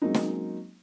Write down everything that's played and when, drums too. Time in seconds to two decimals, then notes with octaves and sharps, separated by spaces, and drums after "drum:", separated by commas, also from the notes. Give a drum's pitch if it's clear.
0.02 F#3 G#3 A#3 C4 C#4 D#4
0.14 drum: snare